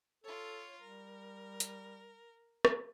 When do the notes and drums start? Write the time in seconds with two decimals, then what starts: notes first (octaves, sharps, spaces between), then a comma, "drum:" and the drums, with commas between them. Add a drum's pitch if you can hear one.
0.24 F4 A4 C#5
0.81 G3 A#4
1.60 drum: hi-hat
2.65 drum: rim click